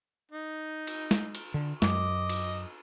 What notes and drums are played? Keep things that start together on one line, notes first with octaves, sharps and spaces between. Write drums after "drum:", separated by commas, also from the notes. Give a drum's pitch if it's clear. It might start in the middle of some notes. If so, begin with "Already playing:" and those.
D#4
drum: cymbal
drum: snare
drum: cymbal
D3
F#2 D#5 D6, drum: snare
drum: cymbal